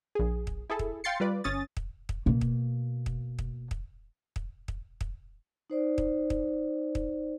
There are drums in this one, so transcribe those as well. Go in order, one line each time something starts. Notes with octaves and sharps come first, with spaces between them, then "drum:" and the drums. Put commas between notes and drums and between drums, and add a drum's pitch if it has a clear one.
A#1 G#4
drum: kick
E4 G#4 A4
drum: kick
F5 G5 C6 A6 C7 C#7
G3 F4 B4 D5
G1 C#4 D#6 A6
drum: kick
drum: kick
B2 A#3
drum: kick
drum: kick
drum: kick
drum: kick
drum: kick
drum: kick
drum: kick
D#4 C5 D5
drum: kick
drum: kick
drum: kick